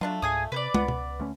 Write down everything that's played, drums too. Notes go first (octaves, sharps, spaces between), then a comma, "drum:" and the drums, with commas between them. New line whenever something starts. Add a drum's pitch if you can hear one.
F#3 A3 D4 F4
C#2 G#2 G#4 G#5 D#6
C3 B4 C5 D5
C#2 B3, drum: tom
drum: tom
D2 A3 C#4